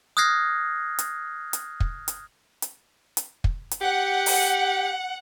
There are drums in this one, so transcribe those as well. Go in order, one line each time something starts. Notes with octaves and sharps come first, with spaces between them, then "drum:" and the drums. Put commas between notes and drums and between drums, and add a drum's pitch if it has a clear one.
D#6 F6 F#6 G#6 A#6 C7
drum: hi-hat
drum: hi-hat
drum: kick
drum: hi-hat
drum: hi-hat
drum: hi-hat
drum: kick
drum: hi-hat
G4 F#5
drum: open hi-hat